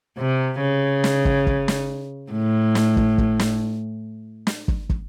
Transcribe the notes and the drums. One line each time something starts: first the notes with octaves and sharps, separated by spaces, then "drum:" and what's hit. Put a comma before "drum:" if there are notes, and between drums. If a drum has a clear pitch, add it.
C3
C#3
drum: snare
drum: kick
drum: kick
drum: snare
A2
drum: snare
drum: kick
drum: kick
drum: snare
drum: snare
drum: kick
drum: kick